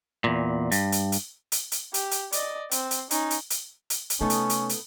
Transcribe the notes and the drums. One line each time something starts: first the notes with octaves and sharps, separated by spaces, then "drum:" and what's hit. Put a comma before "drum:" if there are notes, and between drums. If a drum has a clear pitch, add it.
E2 A#2
G2, drum: hi-hat
drum: hi-hat
drum: hi-hat
drum: hi-hat
drum: hi-hat
G4, drum: hi-hat
drum: hi-hat
D5 D#5, drum: hi-hat
C4, drum: hi-hat
drum: hi-hat
C#4 D#4, drum: hi-hat
drum: hi-hat
drum: hi-hat
drum: hi-hat
drum: hi-hat
C3 A3 B3 C#4 D#4 A4
drum: hi-hat
drum: hi-hat
drum: hi-hat